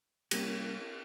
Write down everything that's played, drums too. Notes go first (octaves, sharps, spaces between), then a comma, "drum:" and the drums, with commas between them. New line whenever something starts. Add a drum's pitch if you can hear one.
C3 G3 A#3 C#4, drum: cymbal